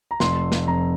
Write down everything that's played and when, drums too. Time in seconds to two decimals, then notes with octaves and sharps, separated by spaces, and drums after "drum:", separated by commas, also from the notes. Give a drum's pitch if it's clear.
0.11 A#5
0.20 F1 C6, drum: snare
0.52 drum: snare
0.67 F2 A#5